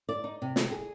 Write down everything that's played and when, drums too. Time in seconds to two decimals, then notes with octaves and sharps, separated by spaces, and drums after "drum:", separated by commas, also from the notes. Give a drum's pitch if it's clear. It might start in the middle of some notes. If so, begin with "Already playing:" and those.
0.09 D5
0.24 D#4
0.42 C3
0.56 drum: snare
0.71 G#4